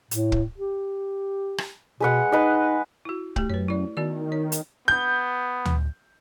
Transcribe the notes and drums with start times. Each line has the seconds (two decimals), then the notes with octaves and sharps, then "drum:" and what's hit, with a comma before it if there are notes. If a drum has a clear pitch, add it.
0.11 A2, drum: hi-hat
0.32 drum: kick
0.58 G4
1.58 drum: rim click
2.00 B2 G#3 B4 F#5
2.32 D#4 B4 D#5
3.05 E4 F#4
3.36 A3 G4, drum: kick
3.50 F#2 B4 C#5
3.68 E4 D5
3.97 D#3 B3 F#4 D5
4.32 C#5
4.52 drum: hi-hat
4.88 B3 G6
5.65 drum: tom D2